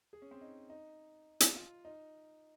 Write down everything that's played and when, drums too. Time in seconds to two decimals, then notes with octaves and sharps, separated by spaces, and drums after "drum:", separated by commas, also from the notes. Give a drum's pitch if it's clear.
0.13 G#4
0.22 C#4
0.31 C4
0.41 D#4
0.70 D#4
1.40 drum: hi-hat
1.56 F4
1.85 D#4